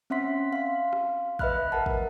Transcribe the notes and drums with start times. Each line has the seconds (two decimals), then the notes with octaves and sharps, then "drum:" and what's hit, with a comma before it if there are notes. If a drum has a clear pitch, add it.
0.10 C4 C#4 E5 F#5 C6 B6
0.53 F5 C6
0.93 drum: rim click
1.39 B4 D#5 E5 B5 F6 F#6, drum: kick
1.72 A#4 B4 F#5 A5
1.86 drum: kick